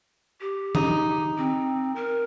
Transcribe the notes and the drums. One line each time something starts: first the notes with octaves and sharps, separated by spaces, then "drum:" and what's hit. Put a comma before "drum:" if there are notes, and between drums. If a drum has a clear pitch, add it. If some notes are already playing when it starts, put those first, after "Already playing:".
G4
D#4, drum: tom D#3
C4
A#4